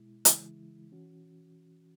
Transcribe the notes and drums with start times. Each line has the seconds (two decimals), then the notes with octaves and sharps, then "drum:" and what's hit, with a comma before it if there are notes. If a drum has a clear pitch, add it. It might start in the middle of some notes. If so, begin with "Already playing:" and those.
Already playing: B2 G#3 E4
0.25 C#3 E3 G#3 E4, drum: hi-hat
0.92 E3 C#4 F#4